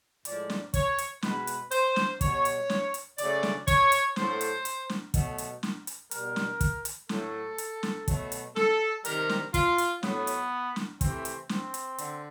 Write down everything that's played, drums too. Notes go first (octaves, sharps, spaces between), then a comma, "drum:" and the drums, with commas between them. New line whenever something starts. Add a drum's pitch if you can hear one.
A2 F3 G#3 D5, drum: hi-hat
drum: snare
C#5, drum: kick, hi-hat
drum: hi-hat
B2 G#3 B4, drum: snare
drum: hi-hat
C5, drum: hi-hat
drum: snare
B2 G3 C#5, drum: kick, hi-hat
drum: hi-hat
drum: snare
drum: hi-hat
C#3 F#3 A3 D5, drum: hi-hat
drum: snare
C#5, drum: kick, hi-hat
drum: hi-hat
A2 F#3 A3 C5, drum: snare
drum: hi-hat
drum: hi-hat
drum: snare
B2 F#3 A3, drum: kick, hi-hat
drum: hi-hat
drum: snare
drum: hi-hat
B2 G3 A#4, drum: hi-hat
drum: snare
drum: kick, hi-hat
drum: hi-hat
A2 F#3 A3 A4, drum: snare
drum: hi-hat
drum: snare
B2 F#3 A3, drum: kick, hi-hat
drum: hi-hat
A4, drum: snare
C3 D#3 G3 A#4, drum: hi-hat
drum: snare
F4, drum: kick, hi-hat
drum: hi-hat
A2 F#3 A3 B3, drum: snare
drum: hi-hat
drum: snare
C3 E3 A3 C4, drum: kick, hi-hat
drum: hi-hat
C4, drum: snare
drum: hi-hat
D3, drum: hi-hat